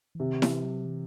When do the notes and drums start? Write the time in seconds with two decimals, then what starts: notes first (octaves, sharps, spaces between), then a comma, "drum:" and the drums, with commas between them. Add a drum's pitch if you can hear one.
0.15 E3
0.20 C3 D#3
0.42 E3, drum: snare E4
0.63 F#3
0.86 E3